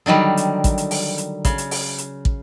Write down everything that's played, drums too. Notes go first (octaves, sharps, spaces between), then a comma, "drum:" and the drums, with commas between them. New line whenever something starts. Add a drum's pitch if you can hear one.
D3 D#3 F#3 G3
drum: hi-hat
drum: kick, hi-hat
drum: hi-hat
drum: open hi-hat
drum: hi-hat
C#3, drum: kick, hi-hat
drum: hi-hat
drum: open hi-hat
drum: hi-hat
drum: kick